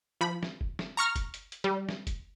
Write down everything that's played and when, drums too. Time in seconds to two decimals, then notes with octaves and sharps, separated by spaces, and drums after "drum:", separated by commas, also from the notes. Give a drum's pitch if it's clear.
0.21 F3 B5
0.43 drum: snare
0.61 drum: kick F1
0.79 drum: snare
0.97 A#5 C#6 F6 A#6
1.16 drum: kick F1, hi-hat
1.34 drum: hi-hat
1.52 drum: hi-hat
1.64 G3
1.89 drum: snare
2.07 drum: kick F1, hi-hat